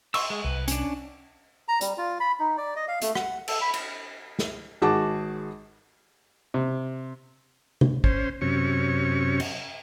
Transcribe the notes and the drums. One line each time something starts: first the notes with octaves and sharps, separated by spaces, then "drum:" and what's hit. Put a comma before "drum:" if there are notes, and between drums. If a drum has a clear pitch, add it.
C6 C#6 E6, drum: cymbal
G#3
C2 B4
C#4 D4, drum: hi-hat
A#5
G3, drum: hi-hat
F4
B5
D#4
D5
D#5
F5
A3, drum: hi-hat
F#5, drum: rim click
A4, drum: cymbal
B5
drum: cymbal
drum: snare
G#1 F#4 G#4 A5 D6
C3
drum: tom C3
C#4 C5, drum: kick G#1
F#2 C3 C#4 C#6
drum: cymbal